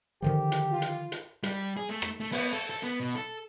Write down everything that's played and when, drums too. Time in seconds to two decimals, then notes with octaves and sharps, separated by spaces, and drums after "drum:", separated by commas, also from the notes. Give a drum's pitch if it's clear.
0.22 D3 D#3 F3 G4
0.52 drum: hi-hat
0.72 F4
0.82 drum: hi-hat
1.12 drum: hi-hat
1.43 G3, drum: hi-hat
1.77 G#4
1.90 A3
2.02 drum: rim click
2.20 A3
2.32 B3, drum: open hi-hat
2.53 A4
2.70 A4
2.83 B3
3.00 B2
3.15 A4